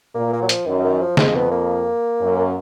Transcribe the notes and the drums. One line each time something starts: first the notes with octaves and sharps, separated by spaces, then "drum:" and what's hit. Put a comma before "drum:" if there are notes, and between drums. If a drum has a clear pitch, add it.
A#2 A#3
A#3
F#3
F3, drum: hi-hat
F#2 D#3
D#3
F3
F2 G#3, drum: snare
B3
A#3
F#2